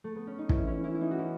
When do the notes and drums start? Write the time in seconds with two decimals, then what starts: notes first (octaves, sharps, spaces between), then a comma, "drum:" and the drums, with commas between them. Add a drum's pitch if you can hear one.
0.04 A3
0.16 B3
0.27 C#4
0.38 D#4
0.49 E3 C#4 E4, drum: kick
0.67 C#4 E4
0.84 C#4 E4
0.95 E4
1.01 B3 D#4
1.11 F#4
1.18 C#4 E4